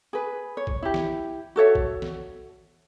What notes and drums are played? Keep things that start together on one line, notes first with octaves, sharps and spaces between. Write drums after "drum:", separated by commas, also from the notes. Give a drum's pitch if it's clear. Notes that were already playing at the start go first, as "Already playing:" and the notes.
G#4 B4
C#5
drum: kick
E4 G4
drum: snare
F#4 A4 C#5 E5
drum: kick
drum: snare